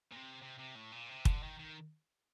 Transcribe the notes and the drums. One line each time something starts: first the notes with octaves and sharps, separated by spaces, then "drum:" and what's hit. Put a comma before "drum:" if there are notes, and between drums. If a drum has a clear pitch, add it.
A#2
C3
C3
C3
A2
A#2
C3
D3, drum: kick
D#3
D#3